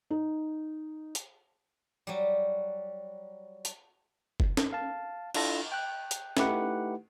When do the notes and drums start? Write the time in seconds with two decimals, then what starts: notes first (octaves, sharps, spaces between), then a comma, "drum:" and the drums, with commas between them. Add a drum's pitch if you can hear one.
0.10 D#4
1.15 drum: hi-hat
2.07 F#3 G3
3.65 drum: hi-hat
4.40 drum: kick
4.57 drum: snare
4.73 F5 A5
5.34 D4 E4 F4 A4 A#6, drum: cymbal
5.72 G5 F#6
6.11 drum: hi-hat
6.37 A3 D#4 E4 G4 B4 F#5, drum: snare